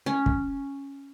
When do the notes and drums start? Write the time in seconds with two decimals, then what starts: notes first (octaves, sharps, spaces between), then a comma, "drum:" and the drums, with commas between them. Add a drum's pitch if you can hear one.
0.06 C#4
0.26 drum: kick